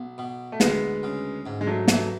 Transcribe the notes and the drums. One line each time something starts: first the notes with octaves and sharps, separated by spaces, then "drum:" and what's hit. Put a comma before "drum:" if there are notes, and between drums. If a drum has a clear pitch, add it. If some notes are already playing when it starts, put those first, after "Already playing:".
Already playing: B1
B2
A3
D2 G#3 B3, drum: snare
C#3
G#2
G#3
F#3 A3
E3 F#3 A3, drum: snare